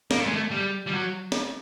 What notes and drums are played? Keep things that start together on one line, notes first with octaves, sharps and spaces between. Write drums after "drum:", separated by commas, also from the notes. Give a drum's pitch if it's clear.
A#3, drum: snare
A3
G#3
A3
G3
G3
F#3
drum: snare